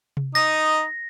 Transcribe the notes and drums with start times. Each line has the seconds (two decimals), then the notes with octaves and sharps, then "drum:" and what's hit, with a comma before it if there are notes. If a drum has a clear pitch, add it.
0.17 drum: tom C3
0.35 D#4 D#6 A#6